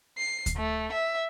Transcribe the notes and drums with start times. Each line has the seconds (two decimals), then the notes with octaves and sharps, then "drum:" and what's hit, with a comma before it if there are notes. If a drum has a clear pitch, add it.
0.18 C7
0.46 drum: kick D2, hi-hat
0.57 A3
0.93 E5